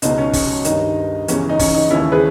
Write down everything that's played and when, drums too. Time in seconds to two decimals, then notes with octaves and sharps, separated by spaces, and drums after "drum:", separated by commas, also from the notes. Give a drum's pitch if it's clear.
0.02 C#2 B2 D#4, drum: hi-hat
0.18 C#4
0.33 C#4, drum: kick, open hi-hat
0.65 G2 D#3 D#4, drum: hi-hat
1.28 E2 C#3 E3 C#4, drum: hi-hat
1.49 D#4
1.59 C#4, drum: kick, open hi-hat
1.75 D#4
1.91 D#2 C#3 E3 C#4 E4
2.12 G#4 B4